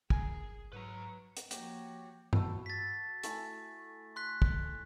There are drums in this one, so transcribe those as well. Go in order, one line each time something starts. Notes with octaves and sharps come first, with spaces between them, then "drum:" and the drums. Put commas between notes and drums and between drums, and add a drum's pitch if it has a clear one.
G1 G#4 A#4 G#5, drum: kick
G#2 F#3 B4 A#5
drum: hi-hat
F3 A#3 F#4 G4 C#5 G5, drum: hi-hat
F#4 A4 B4, drum: tom G2
A6 B6
A3 E4 G#5, drum: hi-hat
C6 F#6 B6
drum: kick